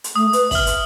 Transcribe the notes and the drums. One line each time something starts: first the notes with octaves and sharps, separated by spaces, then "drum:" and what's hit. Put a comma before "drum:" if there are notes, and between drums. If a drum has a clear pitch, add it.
drum: hi-hat
A3 D#6
B4, drum: hi-hat
E5 F6 F#7, drum: kick, open hi-hat
drum: hi-hat